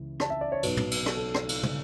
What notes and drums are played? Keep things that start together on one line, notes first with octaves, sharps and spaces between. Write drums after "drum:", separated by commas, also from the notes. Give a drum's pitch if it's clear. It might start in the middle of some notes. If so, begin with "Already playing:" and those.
Already playing: C#2 C#3 E3
A5, drum: rim click
E5
D5
C#5
B1 B2 F#3 B4, drum: cymbal
drum: tom
drum: cymbal
A4, drum: rim click
A4
drum: rim click
drum: cymbal
drum: tom